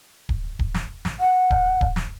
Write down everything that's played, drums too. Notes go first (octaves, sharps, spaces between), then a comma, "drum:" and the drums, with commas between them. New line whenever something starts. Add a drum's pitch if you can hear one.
drum: kick D1
drum: kick D1
drum: snare
drum: snare
F#5
drum: kick D1
drum: kick D1
drum: snare